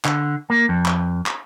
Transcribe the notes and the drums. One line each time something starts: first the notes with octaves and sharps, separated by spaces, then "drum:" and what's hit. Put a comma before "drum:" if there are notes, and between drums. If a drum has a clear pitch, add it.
D3, drum: clap
A#3
F2
drum: clap
drum: clap